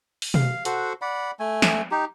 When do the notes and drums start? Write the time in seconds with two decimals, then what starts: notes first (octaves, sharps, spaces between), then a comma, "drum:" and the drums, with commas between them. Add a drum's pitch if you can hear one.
0.22 drum: open hi-hat
0.34 F5, drum: tom B2
0.65 F#4 A4 C5 F#5, drum: hi-hat
1.02 D5 F#5 B5
1.39 A3 G#5
1.62 drum: snare
1.91 D#4 G4